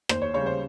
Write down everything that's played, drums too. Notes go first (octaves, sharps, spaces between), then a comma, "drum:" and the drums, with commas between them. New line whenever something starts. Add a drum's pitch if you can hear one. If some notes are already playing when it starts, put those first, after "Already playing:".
D#2 C5, drum: rim click
C#5
C#3 G3 C#5
C5